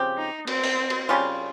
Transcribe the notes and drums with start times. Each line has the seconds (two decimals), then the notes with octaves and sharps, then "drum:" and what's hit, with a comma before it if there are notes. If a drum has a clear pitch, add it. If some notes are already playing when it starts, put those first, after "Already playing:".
Already playing: C#3 F3 C4 G4
0.17 D#4
0.47 C4, drum: cymbal
0.64 drum: open hi-hat
0.90 drum: cymbal
1.09 C#3 G3 C#4 F4